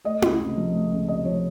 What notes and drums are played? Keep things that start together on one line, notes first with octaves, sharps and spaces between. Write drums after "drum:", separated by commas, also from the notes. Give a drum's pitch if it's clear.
A3 D#5
C#2, drum: tom E4
C3
F3
A3
C#2
C3 D#5
F3 C#5